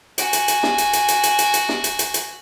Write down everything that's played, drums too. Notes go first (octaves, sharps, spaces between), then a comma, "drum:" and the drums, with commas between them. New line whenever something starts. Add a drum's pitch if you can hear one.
F#4 G#5, drum: hi-hat
drum: hi-hat
drum: hi-hat
drum: snare
drum: hi-hat
drum: hi-hat
drum: hi-hat
drum: hi-hat
drum: hi-hat
drum: hi-hat
drum: snare
drum: hi-hat
drum: hi-hat
drum: hi-hat